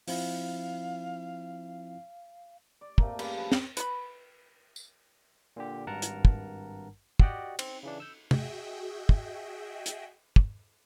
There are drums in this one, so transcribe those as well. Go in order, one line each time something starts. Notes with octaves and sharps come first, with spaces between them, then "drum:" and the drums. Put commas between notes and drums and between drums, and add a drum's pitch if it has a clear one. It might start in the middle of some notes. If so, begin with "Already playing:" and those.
F3 C4 E4 F5, drum: open hi-hat
D5
C3 A3 A#3, drum: kick
G2 C#3 F5 B5, drum: cymbal
F3 B4
drum: snare C4
B4 B5, drum: hi-hat
drum: tambourine
A#2 D3 G4
G#1 G2 A#4 F#5 A5 A#5
drum: hi-hat
drum: kick
F#4 G4 D5 D#5 F#5 G5, drum: kick
C4, drum: cymbal
C#3 E3 D4
E6 G6
F#4 G#4 D#5 E5 G5, drum: tom
drum: kick
drum: hi-hat
drum: kick